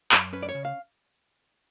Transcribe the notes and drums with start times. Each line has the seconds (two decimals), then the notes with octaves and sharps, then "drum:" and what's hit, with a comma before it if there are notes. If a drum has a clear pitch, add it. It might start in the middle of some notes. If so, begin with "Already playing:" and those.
0.12 F#2, drum: clap
0.33 C#4 B4
0.43 D5
0.49 C#5
0.54 C#3
0.65 F5